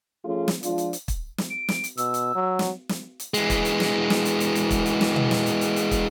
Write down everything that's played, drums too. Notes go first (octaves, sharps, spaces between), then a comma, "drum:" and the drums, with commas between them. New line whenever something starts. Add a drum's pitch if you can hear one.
F3 A3 C#4 F4 G#4
drum: snare
F3 G#3 D4 F4, drum: hi-hat
drum: hi-hat
drum: hi-hat
drum: kick, hi-hat
drum: snare
D7
drum: snare
drum: hi-hat
B2 E6, drum: hi-hat
drum: hi-hat
F#3
drum: snare
drum: snare
drum: hi-hat
E3 G#3, drum: hi-hat
drum: kick, hi-hat
drum: hi-hat
drum: snare
drum: snare
drum: hi-hat
drum: hi-hat
drum: hi-hat
drum: kick, hi-hat
drum: hi-hat
drum: snare
drum: tom B2
drum: snare
drum: hi-hat
drum: hi-hat
drum: hi-hat
drum: kick, hi-hat